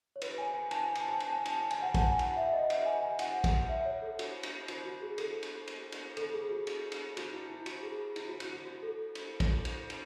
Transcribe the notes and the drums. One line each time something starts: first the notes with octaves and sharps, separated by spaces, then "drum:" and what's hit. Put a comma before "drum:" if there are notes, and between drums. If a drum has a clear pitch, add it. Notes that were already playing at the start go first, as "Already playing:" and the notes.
C#5
B4, drum: cymbal
G#5
G#5
A5, drum: cymbal
G#5
A5, drum: cymbal
A5
drum: cymbal
G#5
A5, drum: cymbal
A5
G#5, drum: cymbal
F#5
A5, drum: kick, cymbal
G#5
F#5, drum: cymbal
E5
D#5
E5, drum: cymbal
G#5
G#5
F#5, drum: cymbal
drum: kick, cymbal
E5
C#5
A4
F#4, drum: cymbal
drum: cymbal
F#4, drum: cymbal
F#4
G#4
A4, drum: cymbal
drum: cymbal
drum: cymbal
drum: cymbal
A4, drum: cymbal
G#4
F#4
drum: cymbal
drum: cymbal
F#4, drum: cymbal
E4
E4
F#4, drum: cymbal
G#4
E4, drum: cymbal
F#4
F#4, drum: cymbal
F#4
F#4
A4
drum: cymbal
drum: kick, cymbal
drum: cymbal
drum: cymbal